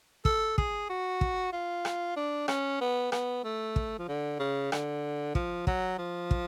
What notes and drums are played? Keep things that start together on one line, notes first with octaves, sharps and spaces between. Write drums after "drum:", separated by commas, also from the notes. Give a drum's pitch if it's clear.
A4, drum: kick
G#4, drum: kick
F#4
drum: kick
F4
drum: rim click
D4
C#4, drum: rim click
B3
B3, drum: rim click
A3
drum: kick
F3
D3
C#3
D3, drum: rim click
F3, drum: kick
F#3, drum: kick
F3
drum: kick